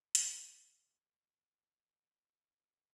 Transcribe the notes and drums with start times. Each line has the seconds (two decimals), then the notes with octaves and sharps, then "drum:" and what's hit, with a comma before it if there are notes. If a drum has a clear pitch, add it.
0.15 D5 E5 F5, drum: hi-hat